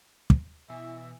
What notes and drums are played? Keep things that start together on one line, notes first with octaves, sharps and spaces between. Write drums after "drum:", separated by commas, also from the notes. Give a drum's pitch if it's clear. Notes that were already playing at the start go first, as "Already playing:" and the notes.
drum: kick
B2 E3 E5